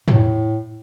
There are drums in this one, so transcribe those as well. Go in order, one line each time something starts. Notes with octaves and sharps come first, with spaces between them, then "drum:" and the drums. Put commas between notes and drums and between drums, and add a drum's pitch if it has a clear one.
A2, drum: tom